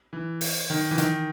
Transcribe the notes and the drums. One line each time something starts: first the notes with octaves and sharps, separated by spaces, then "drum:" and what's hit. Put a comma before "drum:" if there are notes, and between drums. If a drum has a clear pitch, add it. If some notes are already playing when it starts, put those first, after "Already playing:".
E3
drum: open hi-hat
D#3
E3
D#3, drum: hi-hat